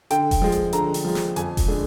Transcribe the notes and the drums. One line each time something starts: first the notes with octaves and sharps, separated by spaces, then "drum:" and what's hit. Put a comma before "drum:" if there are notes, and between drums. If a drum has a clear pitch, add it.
D3 G5, drum: hi-hat
drum: kick E1, open hi-hat
F3 G#3
drum: hi-hat
D3 A#5, drum: hi-hat
drum: open hi-hat
F3 G#3
drum: snare
F2 G#5, drum: hi-hat
drum: kick E1, open hi-hat
D3 G#3 D4